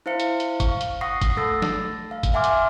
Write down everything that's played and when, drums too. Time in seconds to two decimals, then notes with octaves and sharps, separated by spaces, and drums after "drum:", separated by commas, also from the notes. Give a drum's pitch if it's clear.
0.06 E4 C5 F5 C#7
0.20 drum: hi-hat
0.40 drum: hi-hat
0.60 F5 C#6, drum: kick G1, hi-hat
0.81 drum: hi-hat
1.01 F#5 C#6 D#6 A#6 C7
1.21 drum: kick G1, hi-hat
1.37 A3 A4 E6 A6 A#6
1.62 drum: snare
2.11 F5
2.23 drum: kick G1, hi-hat
2.33 E5 F#5 G#5 C6 D6 F6
2.44 drum: hi-hat